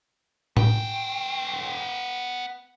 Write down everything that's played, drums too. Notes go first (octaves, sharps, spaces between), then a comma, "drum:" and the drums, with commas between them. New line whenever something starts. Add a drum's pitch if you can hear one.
B3 G5, drum: tom A2